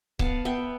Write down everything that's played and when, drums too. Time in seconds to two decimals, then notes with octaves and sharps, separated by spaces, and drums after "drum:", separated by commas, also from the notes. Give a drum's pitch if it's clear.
0.19 B3 F5 A5, drum: kick C#1
0.45 B3 E5 G5